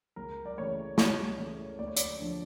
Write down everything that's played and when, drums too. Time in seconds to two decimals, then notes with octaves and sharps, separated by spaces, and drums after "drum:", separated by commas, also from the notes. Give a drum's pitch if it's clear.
0.16 C#2 A#4
0.46 D5
0.58 C#3 E3 A3 C#5
0.98 C#2 C#5, drum: snare
1.38 C#3 E3 A3
1.79 D2 D5
1.88 C#5
1.96 D5, drum: hi-hat
2.20 D3 F3